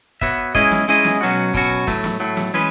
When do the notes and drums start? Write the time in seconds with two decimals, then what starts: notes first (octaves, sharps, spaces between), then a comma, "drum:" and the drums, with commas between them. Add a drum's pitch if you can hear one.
0.21 B3 F#4 C#5 E5, drum: kick
0.55 G#3 C#4 E4 G#4 D#5, drum: kick
0.71 drum: snare
0.88 G#3 C#4 E4 G#4 D#5
1.05 drum: snare
1.21 B2 F#3 C#4 F#4
1.54 B2 F#3 C#4 F#4, drum: kick
1.87 A2 F#3 A3, drum: kick
2.04 drum: snare
2.20 A2 F#3 A3
2.37 drum: snare
2.54 E3 G#3 C#4 G#4 B4